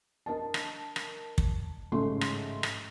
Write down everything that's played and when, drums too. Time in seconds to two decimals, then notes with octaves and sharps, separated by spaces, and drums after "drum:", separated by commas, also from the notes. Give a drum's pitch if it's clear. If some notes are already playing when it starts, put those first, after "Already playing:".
0.26 D4 A#4 D#5 A5
0.54 drum: rim click
0.96 drum: rim click
1.38 drum: kick
1.92 A1 G#2 C#3 A3 C6
2.21 drum: rim click
2.63 drum: rim click